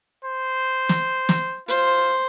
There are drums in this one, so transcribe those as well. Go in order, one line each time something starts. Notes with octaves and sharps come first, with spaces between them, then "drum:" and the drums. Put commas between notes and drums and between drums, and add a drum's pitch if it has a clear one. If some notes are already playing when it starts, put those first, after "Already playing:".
C5
drum: snare
drum: snare
F4 C5